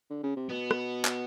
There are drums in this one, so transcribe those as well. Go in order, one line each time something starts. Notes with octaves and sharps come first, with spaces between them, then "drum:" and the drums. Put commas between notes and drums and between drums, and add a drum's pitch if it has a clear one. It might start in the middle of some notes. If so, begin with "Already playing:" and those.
D3
C#3
C3
B2 B3
drum: rim click
drum: clap